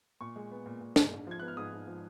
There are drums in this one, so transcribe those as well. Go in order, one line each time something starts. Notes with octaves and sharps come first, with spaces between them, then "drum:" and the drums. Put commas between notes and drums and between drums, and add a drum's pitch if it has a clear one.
A#2 C#6
G#3
B3
A#2
A#2
G#3, drum: snare
G#2
F3 G#6
B3 F#6
F6
G#2 D#6
G#2
F3